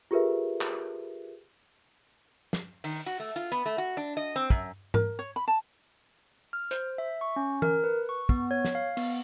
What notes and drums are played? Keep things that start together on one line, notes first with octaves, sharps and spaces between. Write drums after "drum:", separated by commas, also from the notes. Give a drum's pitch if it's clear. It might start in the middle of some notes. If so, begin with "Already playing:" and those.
F4 G4 G#4 A#4 B4 E5
drum: clap
drum: snare
D#3, drum: open hi-hat
F#4
A3
F4
B3
A3
F#4
D4
D#5
C4
F#2, drum: kick
A#4, drum: tom G#2
C#5
B5
A5
F6
C5, drum: hi-hat
E5
C#6
C#4
A#4, drum: tom E3
B4
C#6
B3, drum: kick
C#5
drum: snare
F5
B3, drum: cymbal